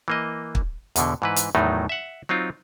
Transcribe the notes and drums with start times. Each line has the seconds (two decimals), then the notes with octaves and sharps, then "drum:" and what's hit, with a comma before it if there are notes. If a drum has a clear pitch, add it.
0.08 E3 A#3 D#5
0.55 drum: kick
0.96 E2 B2 D3, drum: hi-hat
1.22 G#2 E3 B4
1.36 drum: hi-hat
1.55 E2 A2 D#3 F#3 A3 D#4
1.89 E5 F#5
2.29 F#3 C4 D#4 F4